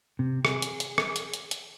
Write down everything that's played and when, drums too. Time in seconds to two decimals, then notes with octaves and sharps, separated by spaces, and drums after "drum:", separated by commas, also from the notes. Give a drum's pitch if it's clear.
0.19 C3
0.45 G#4, drum: rim click
0.62 drum: hi-hat
0.80 drum: hi-hat
0.98 drum: rim click
1.16 drum: hi-hat
1.33 drum: hi-hat
1.51 drum: hi-hat